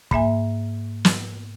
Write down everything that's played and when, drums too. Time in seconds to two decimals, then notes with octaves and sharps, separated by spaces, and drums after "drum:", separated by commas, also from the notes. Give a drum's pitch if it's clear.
0.11 G#2 A#3 E5 G#5, drum: kick
1.05 drum: snare